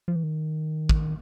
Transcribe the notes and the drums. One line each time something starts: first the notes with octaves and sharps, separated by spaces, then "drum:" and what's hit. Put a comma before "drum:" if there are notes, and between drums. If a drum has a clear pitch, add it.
F3
E3
D#3
drum: kick